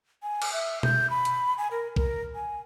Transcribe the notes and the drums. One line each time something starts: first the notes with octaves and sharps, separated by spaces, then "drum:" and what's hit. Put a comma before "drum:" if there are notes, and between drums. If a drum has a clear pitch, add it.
G#5
drum: cymbal
E5
G6, drum: tom B2
B5
drum: hi-hat
G#5
A#4
A#4, drum: kick A#1
G#5